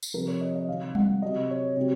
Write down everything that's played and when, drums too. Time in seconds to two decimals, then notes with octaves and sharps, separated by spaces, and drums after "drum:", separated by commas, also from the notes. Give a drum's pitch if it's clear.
0.03 drum: tambourine
0.14 C3 F3 A#4
0.27 C#5
0.41 D#5
0.55 D#5
0.68 C3 D#3 F#3 F5
0.95 F#5, drum: tom G3
1.22 C3 F#3 D#5
1.50 C#5
1.77 C3 F#3